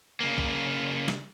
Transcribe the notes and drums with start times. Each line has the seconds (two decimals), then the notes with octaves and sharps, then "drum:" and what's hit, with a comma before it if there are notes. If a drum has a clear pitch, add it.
0.20 C#3 A#3
0.38 drum: kick B1
1.08 drum: snare